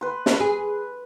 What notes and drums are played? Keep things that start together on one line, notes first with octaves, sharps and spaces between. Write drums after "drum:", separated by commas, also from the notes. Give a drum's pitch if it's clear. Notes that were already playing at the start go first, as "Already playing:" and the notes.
B4 C6
drum: snare
G#4